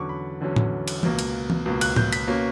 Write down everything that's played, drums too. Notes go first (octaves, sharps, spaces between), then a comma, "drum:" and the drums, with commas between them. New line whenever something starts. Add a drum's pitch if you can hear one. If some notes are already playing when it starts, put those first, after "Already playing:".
Already playing: E2 D3 F#3 C#4 C#6 D6
B5
E2 D3 F#3 C#4
drum: tom A2
drum: cymbal
C#2 B2 A#3, drum: tom E3
drum: cymbal
drum: tom E3
C#2 B2 A#3
F#6, drum: cymbal
G6, drum: tom A2
B6, drum: cymbal
B2 A#3 C#4